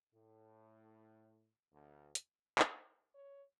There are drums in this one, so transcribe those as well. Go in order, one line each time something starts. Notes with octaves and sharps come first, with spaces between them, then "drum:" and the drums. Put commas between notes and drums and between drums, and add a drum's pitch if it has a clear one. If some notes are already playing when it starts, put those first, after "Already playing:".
A2
D2
drum: hi-hat
drum: clap
C#5